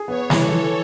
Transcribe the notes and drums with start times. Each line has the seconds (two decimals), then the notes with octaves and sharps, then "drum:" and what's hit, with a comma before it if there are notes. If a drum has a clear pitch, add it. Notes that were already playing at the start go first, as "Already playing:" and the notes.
Already playing: G#4
0.08 B3 C#5
0.30 E3, drum: snare
0.41 A4
0.52 E3